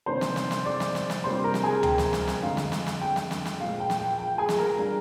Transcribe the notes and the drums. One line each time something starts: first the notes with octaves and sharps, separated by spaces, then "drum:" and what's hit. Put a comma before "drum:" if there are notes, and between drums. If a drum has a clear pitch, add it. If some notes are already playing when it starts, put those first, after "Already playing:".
C3 D#3 A#3 D4 C5 C6
drum: snare
drum: snare
drum: snare
D5 D6
drum: snare
drum: snare
drum: snare
C3 G3 A#3 D4 F4 C5 C6
A#4 A#5
drum: snare
G#4 G#5
G5, drum: tom C#2
drum: snare
drum: snare
drum: snare
F2 D3 G#3 F5
drum: snare
drum: snare
drum: snare
G5
drum: snare
drum: snare
drum: snare
A#2 F3 G#3 F5
G5
drum: snare
G5
G5
G#4 G#5
drum: snare
A#4 A#5
G3 D4 F4